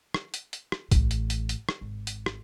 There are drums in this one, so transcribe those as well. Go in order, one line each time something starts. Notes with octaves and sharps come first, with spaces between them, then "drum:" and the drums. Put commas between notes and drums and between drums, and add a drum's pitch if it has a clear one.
drum: rim click
drum: hi-hat
drum: hi-hat
drum: rim click
A1 A2, drum: kick C2, hi-hat
drum: hi-hat
drum: hi-hat
drum: hi-hat
drum: rim click
G#1
drum: hi-hat
drum: rim click